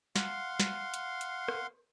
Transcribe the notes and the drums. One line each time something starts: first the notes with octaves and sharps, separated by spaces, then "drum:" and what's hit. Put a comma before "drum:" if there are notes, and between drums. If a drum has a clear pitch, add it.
F5 F#5 C6, drum: snare
drum: snare
drum: hi-hat
drum: hi-hat
drum: rim click